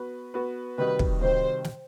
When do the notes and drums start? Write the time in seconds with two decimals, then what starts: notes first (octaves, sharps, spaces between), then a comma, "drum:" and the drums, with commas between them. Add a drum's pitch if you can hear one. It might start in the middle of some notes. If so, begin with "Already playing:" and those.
Already playing: B3 F#4 B4
0.34 B3 F#4 B4
0.78 C3 D#3 G3 D#4 F#4 B4
0.99 drum: kick
1.21 C3 D#3 G3 D#4 F#4 C5
1.64 drum: snare